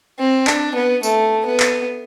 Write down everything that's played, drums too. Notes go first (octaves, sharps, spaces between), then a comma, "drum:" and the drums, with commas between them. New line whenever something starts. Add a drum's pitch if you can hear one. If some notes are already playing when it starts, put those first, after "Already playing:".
C4
D4, drum: clap
B3
A3, drum: tambourine
B3
drum: clap